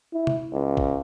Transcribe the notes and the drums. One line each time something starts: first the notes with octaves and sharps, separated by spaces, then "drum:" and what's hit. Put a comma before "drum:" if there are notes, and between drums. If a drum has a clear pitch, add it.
E4
drum: tom C3
C#2
drum: kick